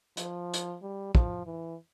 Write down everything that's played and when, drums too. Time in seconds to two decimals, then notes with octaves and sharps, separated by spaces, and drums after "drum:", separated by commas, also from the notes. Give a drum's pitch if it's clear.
0.17 F3, drum: hi-hat
0.54 drum: hi-hat
0.82 G3
1.15 F3, drum: kick
1.46 E3